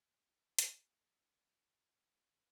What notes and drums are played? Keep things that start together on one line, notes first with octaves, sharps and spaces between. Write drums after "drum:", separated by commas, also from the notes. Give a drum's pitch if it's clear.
F#4 G#4 B4 C#5 D5
drum: hi-hat